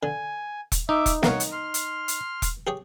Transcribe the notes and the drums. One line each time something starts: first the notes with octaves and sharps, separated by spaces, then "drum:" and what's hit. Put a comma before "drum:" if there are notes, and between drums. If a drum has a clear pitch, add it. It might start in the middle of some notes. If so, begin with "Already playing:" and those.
D3 G#5
drum: kick E1, hi-hat
D#4 E5 D6
drum: kick E1, hi-hat
C2 A#3 A#4 C#5 F#5, drum: snare
drum: hi-hat
C6 F6
drum: hi-hat
drum: hi-hat
drum: kick E1, hi-hat
G4 G#4 C#5